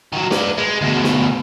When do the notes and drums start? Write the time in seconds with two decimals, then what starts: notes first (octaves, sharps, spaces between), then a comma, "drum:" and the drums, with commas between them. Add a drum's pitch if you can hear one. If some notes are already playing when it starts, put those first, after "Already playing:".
0.12 D#3 F#3
0.31 B4 D5, drum: snare
0.58 G#3
0.81 D2 B2
1.04 drum: snare